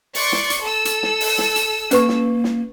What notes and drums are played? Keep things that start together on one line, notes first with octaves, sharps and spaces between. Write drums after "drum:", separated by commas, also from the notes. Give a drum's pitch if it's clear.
D5 C6 C#6, drum: open hi-hat
drum: snare
drum: hi-hat
A4 E6
drum: hi-hat
drum: snare
drum: open hi-hat
drum: snare
drum: hi-hat
A#3 C#4 B4 C#6, drum: hi-hat
drum: snare
drum: snare